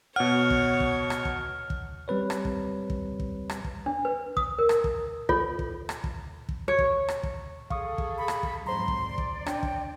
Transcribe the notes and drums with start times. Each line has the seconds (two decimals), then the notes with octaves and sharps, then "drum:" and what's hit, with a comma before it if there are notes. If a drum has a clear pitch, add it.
0.16 B2 C#5 F#5 F6
0.50 drum: kick
0.80 drum: kick
1.10 drum: rim click
1.25 drum: kick
1.70 drum: kick
2.08 G3 C4 B4 C#5
2.30 drum: rim click
2.45 drum: kick
2.90 drum: kick
3.20 drum: kick
3.49 drum: rim click
3.64 drum: kick
3.86 D4
4.05 B4
4.37 D#6, drum: kick
4.59 A#4
4.69 drum: rim click
4.84 drum: kick
5.29 F4 A4 C#5, drum: kick
5.59 drum: kick
5.89 drum: rim click
6.04 drum: kick
6.49 drum: kick
6.68 C#5
6.79 drum: kick
7.08 drum: rim click
7.23 drum: kick
7.70 G#4 A4 F5 C#6 D#6, drum: kick
7.98 drum: kick
8.18 B5
8.28 drum: rim click
8.43 drum: kick
8.67 F2 G#2 F#3 C5 A#5 C6
8.88 drum: kick
9.06 D5
9.18 drum: kick
9.46 D4 G5, drum: rim click
9.63 drum: kick